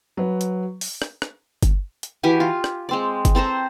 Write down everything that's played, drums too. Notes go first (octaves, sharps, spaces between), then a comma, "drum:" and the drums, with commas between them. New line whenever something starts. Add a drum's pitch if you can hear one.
F#3 B4
drum: hi-hat
drum: open hi-hat
drum: rim click
drum: rim click
drum: kick G1, hi-hat
drum: hi-hat
E3 F#4 G4 G#5
F4
drum: rim click
G#3 C4 D5
drum: kick G1, hi-hat
C4 A4 C5 A#5